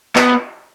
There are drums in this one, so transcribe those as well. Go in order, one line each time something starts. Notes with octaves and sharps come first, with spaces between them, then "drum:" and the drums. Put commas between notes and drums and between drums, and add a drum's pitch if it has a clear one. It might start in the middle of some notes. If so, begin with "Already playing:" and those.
B3, drum: clap